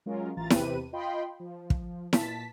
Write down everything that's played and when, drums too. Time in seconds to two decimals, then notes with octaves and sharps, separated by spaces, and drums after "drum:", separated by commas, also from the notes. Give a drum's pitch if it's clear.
0.06 F#3 G#3 C#4 F4 A#4
0.36 A1 E3 F4 A#5 A6
0.50 E2 C3 C4 G4 B4 D#7, drum: snare E4
0.93 F4 D#5 G5 B5 C6
1.40 F3
1.70 drum: kick
2.13 A#2 A5 B6, drum: snare E4